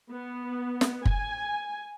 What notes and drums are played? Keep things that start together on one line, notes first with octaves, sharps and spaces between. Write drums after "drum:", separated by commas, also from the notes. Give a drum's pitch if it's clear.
B3
drum: snare
G#5, drum: kick